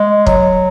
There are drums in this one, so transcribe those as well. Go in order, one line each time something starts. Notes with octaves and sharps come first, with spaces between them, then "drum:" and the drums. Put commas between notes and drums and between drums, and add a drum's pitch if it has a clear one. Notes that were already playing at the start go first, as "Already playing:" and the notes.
Already playing: G#3
F#3, drum: kick